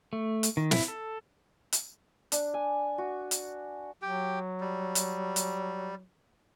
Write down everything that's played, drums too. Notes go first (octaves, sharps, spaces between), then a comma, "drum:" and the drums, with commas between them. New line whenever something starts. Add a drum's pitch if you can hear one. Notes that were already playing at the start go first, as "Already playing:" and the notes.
A3
drum: hi-hat
D#3
E4, drum: snare
A4
drum: hi-hat
D4, drum: hi-hat
G#5
F#4
drum: hi-hat
F#3 G4 G5
G3
drum: hi-hat
drum: hi-hat